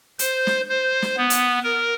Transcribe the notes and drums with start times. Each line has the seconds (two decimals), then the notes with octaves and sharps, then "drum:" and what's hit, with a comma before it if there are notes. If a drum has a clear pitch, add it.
0.19 C5, drum: hi-hat
0.47 drum: snare
0.69 C5
1.02 drum: snare
1.17 B3
1.30 drum: hi-hat
1.64 A#4